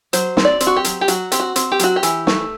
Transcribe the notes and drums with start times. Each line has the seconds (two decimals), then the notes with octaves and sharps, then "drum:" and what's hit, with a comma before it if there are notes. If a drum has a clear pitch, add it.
0.13 F#3 C5, drum: hi-hat
0.37 C4, drum: snare
0.45 D5
0.60 C4, drum: hi-hat
0.67 F#4
0.76 G4
0.84 F#3, drum: hi-hat
1.01 G4
1.08 F#3 F#4, drum: hi-hat
1.32 C4 G4, drum: hi-hat
1.40 F#4
1.56 C4, drum: hi-hat
1.72 G4
1.79 F#3 F#4, drum: hi-hat
1.96 G4
2.03 E3, drum: hi-hat
2.27 A3, drum: snare